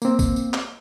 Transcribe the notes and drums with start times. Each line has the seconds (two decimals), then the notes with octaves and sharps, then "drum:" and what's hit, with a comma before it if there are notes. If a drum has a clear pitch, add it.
0.02 A#3 C4, drum: tambourine
0.19 drum: kick, tambourine
0.36 drum: tambourine
0.54 drum: clap